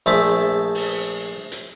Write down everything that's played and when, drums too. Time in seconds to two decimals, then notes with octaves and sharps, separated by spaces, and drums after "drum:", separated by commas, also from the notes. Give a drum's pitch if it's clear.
0.06 A#1 A3 G#4 C5 E5 A5
0.75 drum: open hi-hat
1.52 drum: hi-hat